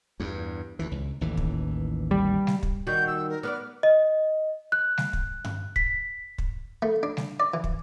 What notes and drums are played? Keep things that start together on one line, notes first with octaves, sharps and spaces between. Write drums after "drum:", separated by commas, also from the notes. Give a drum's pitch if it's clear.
E2 G2
D2 E3
C#2
A1 D#2 E3
drum: kick
G3
drum: snare G3
drum: kick
D#3 G3 F#4 G6
E6
A#4
B3 B4 D5 F6
D#5
F#6
drum: snare G3
drum: kick
drum: tom G2
B6, drum: kick
drum: kick
A3
D4
drum: snare G3
D5
E3
drum: kick